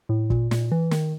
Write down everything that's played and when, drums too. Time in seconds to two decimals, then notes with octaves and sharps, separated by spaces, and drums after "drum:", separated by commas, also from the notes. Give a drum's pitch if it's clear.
0.09 A2
0.30 A#2, drum: kick
0.51 A#2, drum: snare
0.72 E3
0.91 D#3, drum: snare